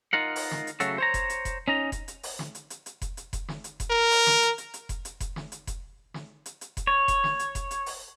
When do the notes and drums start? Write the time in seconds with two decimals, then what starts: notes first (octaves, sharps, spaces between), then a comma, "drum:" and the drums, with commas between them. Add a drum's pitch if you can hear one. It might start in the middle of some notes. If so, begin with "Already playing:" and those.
0.13 D#4 F4 A#4 F#5
0.36 drum: open hi-hat
0.51 drum: snare
0.67 drum: hi-hat
0.80 C#3 F#3 A3 F#4 A4, drum: hi-hat
0.98 C5 C#5 A#5
1.14 drum: kick F1, hi-hat
1.30 drum: hi-hat
1.45 drum: kick F1, hi-hat
1.68 C#4 D#4 A#5
1.92 drum: kick F1, hi-hat
2.08 drum: hi-hat
2.23 drum: open hi-hat
2.39 drum: snare
2.55 drum: hi-hat
2.70 drum: hi-hat
2.86 drum: hi-hat
3.02 drum: kick F1, hi-hat
3.17 drum: hi-hat
3.33 drum: kick F1, hi-hat
3.48 drum: snare
3.64 drum: hi-hat
3.80 drum: kick F1, hi-hat
3.90 A#4
4.11 drum: open hi-hat
4.27 drum: snare
4.42 drum: hi-hat
4.58 drum: hi-hat
4.74 drum: hi-hat
4.89 drum: kick F1, hi-hat
5.05 drum: hi-hat
5.20 drum: kick F1, hi-hat
5.36 drum: snare
5.52 drum: hi-hat
5.67 drum: kick F1, hi-hat
6.14 drum: snare
6.46 drum: hi-hat
6.61 drum: hi-hat
6.77 drum: kick F1, hi-hat
6.87 C#5
7.08 drum: kick F1, hi-hat
7.24 drum: snare
7.39 drum: hi-hat
7.55 drum: kick F1, hi-hat
7.71 drum: hi-hat
7.86 drum: open hi-hat